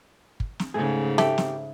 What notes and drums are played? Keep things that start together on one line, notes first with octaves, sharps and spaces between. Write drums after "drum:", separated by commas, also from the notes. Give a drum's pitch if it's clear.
drum: kick
drum: snare
G#2 C#3 A3 G#4
A3 G4, drum: snare
drum: snare